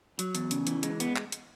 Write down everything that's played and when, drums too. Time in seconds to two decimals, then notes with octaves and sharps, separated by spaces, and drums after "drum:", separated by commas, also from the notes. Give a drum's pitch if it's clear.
0.19 F#3, drum: hi-hat
0.35 E2, drum: hi-hat
0.51 C#3, drum: hi-hat
0.67 E3, drum: hi-hat
0.83 G#3, drum: hi-hat
1.00 B3, drum: hi-hat
1.16 drum: clap
1.32 drum: hi-hat